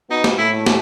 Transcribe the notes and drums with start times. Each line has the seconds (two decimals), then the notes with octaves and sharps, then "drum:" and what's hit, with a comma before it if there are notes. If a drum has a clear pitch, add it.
0.10 B2 B3 D#4
0.24 drum: snare
0.38 A2 A3 E4
0.66 drum: snare